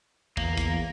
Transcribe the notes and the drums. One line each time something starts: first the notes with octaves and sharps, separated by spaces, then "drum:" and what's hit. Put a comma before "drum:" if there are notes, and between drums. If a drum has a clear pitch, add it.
E2 A#3, drum: kick
drum: kick, hi-hat